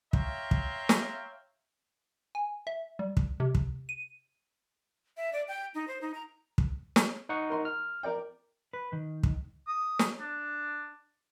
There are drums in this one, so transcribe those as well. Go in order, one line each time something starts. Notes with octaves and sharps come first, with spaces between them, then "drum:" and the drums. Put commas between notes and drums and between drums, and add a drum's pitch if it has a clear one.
C#5 E5 F5 G5 A#5 C6, drum: kick
drum: kick
drum: snare
G#5
E5
G3
drum: kick
C3
drum: kick
D#7
E5
D5
G5
D#4
C5
D#4
A#5
drum: kick
drum: snare
D#4 F#5 C#6
A#4 C6
F6
A#4 D5 G5
B4
D#3
drum: kick
D#6
drum: snare
D4